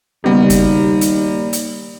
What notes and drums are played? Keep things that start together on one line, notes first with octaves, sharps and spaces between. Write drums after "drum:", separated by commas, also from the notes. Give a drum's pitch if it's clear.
D#2 C#3 G3 B3 D#4 F#4
drum: kick, hi-hat
drum: hi-hat
drum: hi-hat